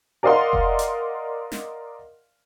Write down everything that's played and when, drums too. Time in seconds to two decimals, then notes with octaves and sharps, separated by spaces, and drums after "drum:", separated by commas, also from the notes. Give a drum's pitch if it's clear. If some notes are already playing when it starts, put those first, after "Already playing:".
0.23 A#4 D5 D#5 F5 F#5 C6
0.53 drum: kick F1
0.79 drum: hi-hat
1.52 drum: snare